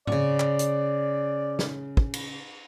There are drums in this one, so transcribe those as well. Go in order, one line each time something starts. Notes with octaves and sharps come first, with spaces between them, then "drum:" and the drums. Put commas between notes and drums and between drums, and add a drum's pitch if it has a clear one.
C#3 D5 C#6, drum: tom G#2
drum: clap
drum: hi-hat
drum: snare
drum: kick
drum: cymbal